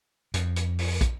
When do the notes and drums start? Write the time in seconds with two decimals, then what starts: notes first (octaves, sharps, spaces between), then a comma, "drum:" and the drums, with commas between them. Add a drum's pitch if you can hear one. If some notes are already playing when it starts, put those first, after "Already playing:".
0.34 F2, drum: hi-hat
0.56 drum: hi-hat
0.79 drum: open hi-hat
1.01 drum: kick, hi-hat